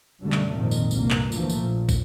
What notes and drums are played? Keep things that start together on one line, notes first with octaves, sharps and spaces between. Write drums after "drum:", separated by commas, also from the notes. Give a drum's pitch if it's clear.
F#2 B2 D3 G3 A3
drum: clap
G#1 F2 A#2 D#3
drum: tambourine
C2 G2 A#3, drum: tambourine
drum: clap
D2 E3 F3 A3 A#3, drum: tambourine
drum: tambourine
A#1 A#2
drum: kick, tambourine